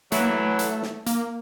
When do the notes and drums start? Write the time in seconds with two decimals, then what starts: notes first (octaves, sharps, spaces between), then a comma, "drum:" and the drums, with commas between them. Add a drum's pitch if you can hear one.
0.12 E3 F#3 A3, drum: hi-hat
0.20 A#3
0.28 A3
0.59 drum: hi-hat
0.82 drum: snare
1.06 A#3, drum: hi-hat